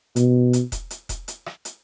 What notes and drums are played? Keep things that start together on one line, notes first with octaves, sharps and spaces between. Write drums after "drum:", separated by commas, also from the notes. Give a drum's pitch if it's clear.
B2, drum: hi-hat
drum: hi-hat
drum: kick E1, hi-hat
drum: hi-hat
drum: kick E1, hi-hat
drum: hi-hat
drum: rim click
drum: hi-hat